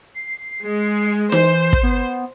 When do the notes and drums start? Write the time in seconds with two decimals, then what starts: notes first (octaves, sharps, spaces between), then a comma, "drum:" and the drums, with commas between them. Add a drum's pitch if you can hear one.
0.14 C7
0.63 G#3
1.32 E3 C5, drum: snare D#4
1.73 drum: kick
1.83 B3